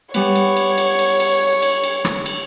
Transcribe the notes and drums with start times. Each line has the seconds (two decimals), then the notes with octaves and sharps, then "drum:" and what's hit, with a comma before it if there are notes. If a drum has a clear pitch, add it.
0.14 G3 B3 C#5, drum: cymbal
0.35 drum: cymbal
0.56 drum: cymbal
0.78 drum: cymbal
0.99 drum: cymbal
1.20 drum: cymbal
1.62 drum: cymbal
1.83 drum: cymbal
2.05 drum: rim click
2.26 drum: cymbal